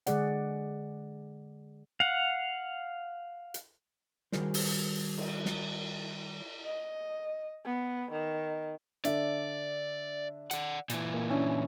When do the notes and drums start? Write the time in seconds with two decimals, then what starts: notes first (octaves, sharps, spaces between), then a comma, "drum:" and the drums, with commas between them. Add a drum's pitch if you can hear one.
0.07 D3 G#3 G#4 D5 F#5, drum: hi-hat
2.00 F5 F#5
3.54 drum: hi-hat
4.32 D#3 G3 F#4 G#4 A#4 C5, drum: snare
4.54 drum: open hi-hat
5.18 drum: cymbal
5.46 drum: snare
6.65 D#5
7.65 B3
8.12 D#3
9.05 D3 D4 D5 E5, drum: hi-hat
10.51 D5 F#5, drum: hi-hat
10.90 A#2 E3, drum: hi-hat
11.14 A#3
11.30 C#4 D4 E4